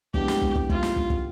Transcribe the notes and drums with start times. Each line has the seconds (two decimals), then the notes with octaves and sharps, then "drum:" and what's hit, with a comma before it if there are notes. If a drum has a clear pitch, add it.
0.14 E3 G#3 B3 D4 G4, drum: kick
0.28 drum: snare
0.42 drum: kick
0.55 drum: kick
0.70 F4, drum: kick
0.83 drum: snare
0.96 drum: kick
1.10 drum: kick